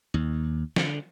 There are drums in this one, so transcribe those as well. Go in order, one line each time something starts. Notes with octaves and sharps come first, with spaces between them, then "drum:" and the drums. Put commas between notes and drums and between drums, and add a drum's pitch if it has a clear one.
D#2
D3, drum: snare